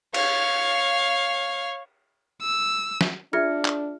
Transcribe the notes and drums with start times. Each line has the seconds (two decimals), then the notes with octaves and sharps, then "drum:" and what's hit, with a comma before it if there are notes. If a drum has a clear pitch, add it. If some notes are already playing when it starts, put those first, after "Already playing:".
0.14 C#5 F5, drum: cymbal
2.42 E6
3.01 drum: snare
3.33 D4 F4 G#4 E5 F6 G#6 A#6 C#7
3.65 drum: clap